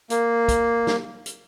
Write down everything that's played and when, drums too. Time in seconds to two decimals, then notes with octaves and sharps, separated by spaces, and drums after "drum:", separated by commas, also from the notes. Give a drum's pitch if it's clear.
0.10 A#3, drum: hi-hat
0.49 drum: kick, hi-hat
0.87 drum: snare
1.26 drum: hi-hat